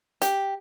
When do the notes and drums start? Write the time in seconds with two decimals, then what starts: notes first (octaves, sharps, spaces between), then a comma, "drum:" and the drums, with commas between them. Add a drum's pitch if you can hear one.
0.22 G4, drum: hi-hat